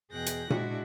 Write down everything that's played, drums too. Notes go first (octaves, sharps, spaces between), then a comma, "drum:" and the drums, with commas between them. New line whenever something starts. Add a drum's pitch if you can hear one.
E2 B2 G#4 G5 F#6 A#6
drum: hi-hat
G#3 D4 E4 F#4, drum: tom A#2